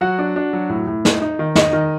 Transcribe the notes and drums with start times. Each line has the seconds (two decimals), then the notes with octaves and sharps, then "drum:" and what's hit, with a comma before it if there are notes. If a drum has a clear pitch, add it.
0.01 F#3 F#4 F#5
0.19 D4
0.36 D4
0.53 F#3
0.69 A2
0.87 A2
1.05 D#4, drum: snare
1.22 D#4
1.39 D#3
1.55 D#4 D#5, drum: snare
1.73 D#3